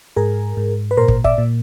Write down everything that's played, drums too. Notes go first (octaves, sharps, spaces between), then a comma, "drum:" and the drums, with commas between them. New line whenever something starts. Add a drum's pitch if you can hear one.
G#2 G#4 A#4
G#2
B4
A#2 A#4 C5
drum: kick
D5 E5, drum: kick
A#2